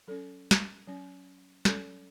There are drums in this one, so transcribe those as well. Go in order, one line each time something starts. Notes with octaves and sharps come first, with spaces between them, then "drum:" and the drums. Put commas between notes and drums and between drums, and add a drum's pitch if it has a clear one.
F#3 C#4 A4
drum: snare
F#3 C#4
F#3 C#4 A4, drum: snare